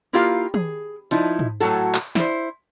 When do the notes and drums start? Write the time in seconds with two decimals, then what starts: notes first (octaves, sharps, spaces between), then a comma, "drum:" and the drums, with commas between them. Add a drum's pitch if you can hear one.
0.13 A#3 E4 F4 G4 A#4 F5
0.54 G#4, drum: tom
1.11 F3 D#4 E4, drum: hi-hat
1.39 drum: tom
1.60 A2 C3 F#3 F#4 A4, drum: hi-hat
1.95 drum: clap
2.15 E4 C5, drum: snare